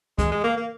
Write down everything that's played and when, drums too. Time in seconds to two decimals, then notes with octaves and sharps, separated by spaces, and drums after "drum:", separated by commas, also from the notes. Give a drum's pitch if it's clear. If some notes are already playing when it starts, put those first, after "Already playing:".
0.18 G#3, drum: kick, hi-hat
0.32 G#3
0.44 A#3
0.57 A#3